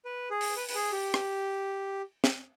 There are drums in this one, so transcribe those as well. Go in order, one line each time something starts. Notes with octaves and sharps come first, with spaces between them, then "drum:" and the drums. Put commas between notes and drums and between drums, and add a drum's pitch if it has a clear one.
B4
G#4
drum: open hi-hat
B4
B4, drum: open hi-hat
G#4
G4
drum: rim click
drum: snare